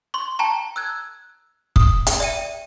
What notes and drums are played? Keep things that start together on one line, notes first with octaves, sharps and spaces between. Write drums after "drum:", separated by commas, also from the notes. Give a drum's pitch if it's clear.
C6 C#6
G5 A5 A#5 C#6
E6 F#6 G#6
D#6, drum: kick
drum: hi-hat
D5 E5 G5 D#7